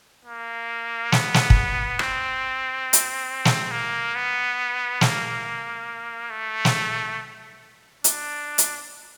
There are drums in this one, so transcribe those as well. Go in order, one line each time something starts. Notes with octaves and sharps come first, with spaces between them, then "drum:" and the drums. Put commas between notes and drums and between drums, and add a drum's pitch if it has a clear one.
A#3
B3, drum: snare
drum: snare
drum: kick
C4, drum: rim click
drum: hi-hat
drum: snare
A#3
B3
A#3, drum: snare
A3
drum: snare
D4, drum: hi-hat
drum: hi-hat